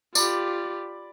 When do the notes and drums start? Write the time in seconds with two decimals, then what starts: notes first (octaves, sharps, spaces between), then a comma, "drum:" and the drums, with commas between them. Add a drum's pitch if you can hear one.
0.15 F4 G4 D5 B5, drum: tambourine